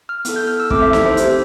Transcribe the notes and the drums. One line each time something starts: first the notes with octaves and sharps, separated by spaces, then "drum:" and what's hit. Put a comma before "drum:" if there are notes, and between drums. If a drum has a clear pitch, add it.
F6
B3 E4 A4, drum: hi-hat
G6
F6
E6
A3 C4 E4 A4 D6, drum: kick
E5
E5, drum: snare
C5
C4 E4 G4, drum: hi-hat